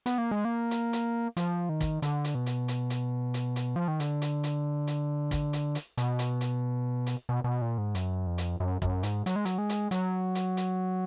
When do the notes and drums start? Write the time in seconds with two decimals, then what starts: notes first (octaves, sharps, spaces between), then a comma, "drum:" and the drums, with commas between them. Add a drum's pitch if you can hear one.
0.06 B3, drum: hi-hat
0.18 A#3
0.31 G#3
0.45 A#3
0.71 drum: hi-hat
0.93 drum: hi-hat
1.37 F3, drum: hi-hat
1.69 D#3
1.81 drum: kick, hi-hat
2.02 D3, drum: hi-hat
2.24 drum: hi-hat
2.35 B2
2.46 drum: hi-hat
2.68 drum: hi-hat
2.90 drum: hi-hat
3.34 drum: hi-hat
3.56 drum: hi-hat
3.76 F3
3.88 D#3
4.00 D3, drum: hi-hat
4.22 drum: hi-hat
4.43 drum: hi-hat
4.87 drum: hi-hat
5.31 drum: kick, hi-hat
5.53 drum: hi-hat
5.75 drum: hi-hat
5.97 B2, drum: hi-hat
6.19 drum: hi-hat
6.41 drum: hi-hat
7.06 drum: hi-hat
7.29 B2
7.44 B2
7.62 A#2
7.78 G#2
7.95 F#2, drum: hi-hat
8.27 F2
8.38 drum: hi-hat
8.60 F#2
8.82 F#2, drum: kick
9.03 G#2, drum: hi-hat
9.26 F#3, drum: hi-hat
9.36 G#3
9.45 F#3, drum: hi-hat
9.58 G#3
9.69 drum: hi-hat
9.91 F#3, drum: hi-hat
10.35 drum: hi-hat
10.57 drum: hi-hat